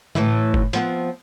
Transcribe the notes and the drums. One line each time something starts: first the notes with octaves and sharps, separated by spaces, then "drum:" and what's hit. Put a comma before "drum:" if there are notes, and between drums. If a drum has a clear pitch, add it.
A2 E3 E4, drum: tom D3
drum: kick F#1
F3 B3 C4, drum: hi-hat